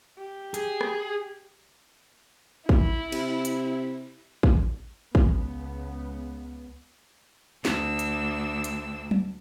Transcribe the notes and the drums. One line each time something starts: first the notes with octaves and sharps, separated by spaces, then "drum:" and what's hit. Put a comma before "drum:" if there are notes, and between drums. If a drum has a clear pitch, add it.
G4
G#4, drum: hi-hat
drum: rim click
E4, drum: kick
C3, drum: cymbal
drum: hi-hat
drum: kick
C#2 B3, drum: kick
D2 D4 E6, drum: snare
drum: hi-hat
drum: hi-hat
drum: tom